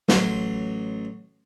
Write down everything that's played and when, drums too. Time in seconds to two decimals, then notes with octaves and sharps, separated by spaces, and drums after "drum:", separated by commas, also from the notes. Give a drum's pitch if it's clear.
0.08 A1 F#3 C6, drum: snare